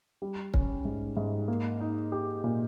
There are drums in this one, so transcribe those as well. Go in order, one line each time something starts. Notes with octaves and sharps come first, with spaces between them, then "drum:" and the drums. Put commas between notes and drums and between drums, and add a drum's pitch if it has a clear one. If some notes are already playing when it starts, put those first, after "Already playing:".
G3
C#4, drum: kick
G#2
G#2
A#3
D#4
G4
A#2